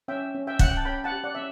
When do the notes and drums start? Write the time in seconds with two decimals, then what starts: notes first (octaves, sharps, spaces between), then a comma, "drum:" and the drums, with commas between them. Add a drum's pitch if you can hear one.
0.08 C#4 E5 G5
0.34 C#4
0.47 E5 G5
0.59 C#4 F#5, drum: kick
0.68 G5
0.77 A5
0.85 C#4 G5 B5
1.04 F#5 A5
1.12 G4
1.24 D5 F#5
1.35 C#4 E5